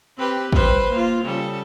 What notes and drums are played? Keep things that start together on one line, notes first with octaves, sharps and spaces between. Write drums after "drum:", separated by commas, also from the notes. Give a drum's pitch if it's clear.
C4 G4 B4
G3 B4 C5, drum: kick
A#3 F4
C#3 G3 A4